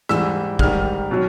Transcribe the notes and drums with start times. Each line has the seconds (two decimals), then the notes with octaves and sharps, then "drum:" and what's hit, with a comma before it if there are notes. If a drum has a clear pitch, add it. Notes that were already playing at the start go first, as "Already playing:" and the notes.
0.09 G#2 E3 G3 E6, drum: rim click
0.59 G#2 D#3 G3 F6, drum: kick
1.11 B2 F#3